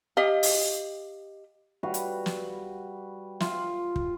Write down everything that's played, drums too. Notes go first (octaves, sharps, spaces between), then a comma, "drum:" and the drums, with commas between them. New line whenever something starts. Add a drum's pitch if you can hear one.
G4 D#5 F5
drum: open hi-hat
G3 F#4 B4 F5
drum: hi-hat
drum: snare
F4, drum: snare
drum: kick